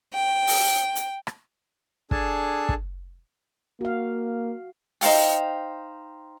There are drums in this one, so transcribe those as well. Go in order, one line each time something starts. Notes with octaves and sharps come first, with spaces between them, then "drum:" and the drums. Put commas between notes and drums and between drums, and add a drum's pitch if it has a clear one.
G5
drum: open hi-hat
drum: hi-hat
drum: rim click
D4 G#4 A4 G#5 A5, drum: kick
drum: kick
A#3 F#4 F5
D#4 C5 F5 G5, drum: open hi-hat